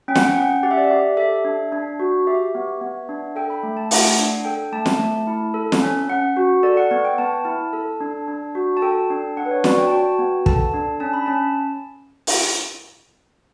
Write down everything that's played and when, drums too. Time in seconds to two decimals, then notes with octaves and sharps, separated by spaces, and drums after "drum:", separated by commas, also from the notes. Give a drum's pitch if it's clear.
0.08 C#4 G5
0.15 F#5, drum: snare
0.23 G5
0.36 C#4 F#5
0.63 G4 F#5
0.71 E5
0.77 D5
0.84 E5
0.91 G4
1.17 A4 E5
1.45 D4
1.72 D4
1.99 F#4
2.27 G4 E5
2.55 B3
2.81 B3
3.09 D4
3.36 A4 G5
3.50 B5
3.63 A3
3.77 A5
3.91 A3 F#5, drum: open hi-hat
4.18 D4
4.45 A4 G5
4.72 A3 A5
4.86 drum: snare
4.99 A3
5.27 E4
5.54 A4
5.72 drum: snare
5.81 C#4
6.09 C#4 F#5
6.37 F#4
6.63 A4 D5
6.77 F#5
6.91 B3 F#5
7.05 G5
7.18 B3 A5
7.45 E4
7.73 A4
8.00 D4
8.28 D4
8.55 F#4
8.77 A5
8.82 A4 G5
9.10 D4
9.37 D4 F#5
9.46 B4
9.51 C#5
9.64 F#4 D5, drum: snare
9.78 G5
9.87 A5
9.91 F#4 G5
10.19 B3
10.46 A4 A5, drum: kick
10.74 D4
11.00 C#4 A5
11.13 B5
11.26 C#4 A5
12.27 drum: open hi-hat